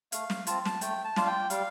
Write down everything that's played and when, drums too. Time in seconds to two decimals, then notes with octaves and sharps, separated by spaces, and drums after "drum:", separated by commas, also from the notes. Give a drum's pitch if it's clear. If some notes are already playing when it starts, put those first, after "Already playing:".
0.12 A3 F5, drum: hi-hat
0.30 drum: snare
0.47 C4 F4 A5, drum: hi-hat
0.65 A5, drum: snare
0.81 A3 G5, drum: hi-hat
1.04 A5
1.16 D4 F4, drum: snare
1.22 F5
1.27 G5
1.50 G3 F5, drum: hi-hat